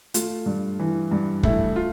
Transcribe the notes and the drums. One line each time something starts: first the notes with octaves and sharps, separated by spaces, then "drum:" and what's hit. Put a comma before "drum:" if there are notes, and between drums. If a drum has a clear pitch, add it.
A3 F4, drum: hi-hat
G2
E3
G2
A3 E4, drum: kick
F4